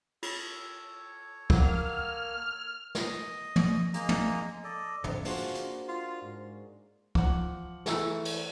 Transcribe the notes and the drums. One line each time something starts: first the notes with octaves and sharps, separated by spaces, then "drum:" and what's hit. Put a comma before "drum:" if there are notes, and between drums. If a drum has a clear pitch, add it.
F4 A4 C#5, drum: cymbal
A#3 A#4 F#5 F6, drum: kick
D#5, drum: snare
drum: tom
G#3 A#3 D#5 A#5, drum: hi-hat
drum: tom
A4 D5 D#5
F2 D3, drum: tom
A#3 D4 F4 F#4 G#4 C5, drum: open hi-hat
drum: hi-hat
F4
G#2
F3 F#5 D6, drum: kick
E3 A3 G#4 A#5 E6, drum: snare
drum: cymbal